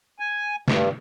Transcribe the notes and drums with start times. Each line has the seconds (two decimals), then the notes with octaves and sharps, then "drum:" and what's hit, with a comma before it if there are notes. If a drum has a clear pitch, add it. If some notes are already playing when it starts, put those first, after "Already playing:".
0.19 G#5
0.68 G2, drum: snare